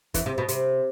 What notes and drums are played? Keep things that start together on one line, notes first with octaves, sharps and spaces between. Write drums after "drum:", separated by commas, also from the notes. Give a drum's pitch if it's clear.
E2 E3, drum: kick, hi-hat
C3
B2
C3, drum: hi-hat